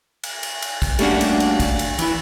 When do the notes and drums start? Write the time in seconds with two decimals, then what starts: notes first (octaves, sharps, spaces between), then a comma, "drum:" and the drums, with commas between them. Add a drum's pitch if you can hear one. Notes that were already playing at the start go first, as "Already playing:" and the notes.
0.23 drum: cymbal
0.43 drum: cymbal
0.62 drum: cymbal
0.82 drum: kick, cymbal
0.99 G3 A3 A#3 C#4 D4 F#4, drum: cymbal
1.21 drum: cymbal
1.40 drum: cymbal
1.60 drum: kick, cymbal
1.79 drum: cymbal
1.99 E3 E4, drum: cymbal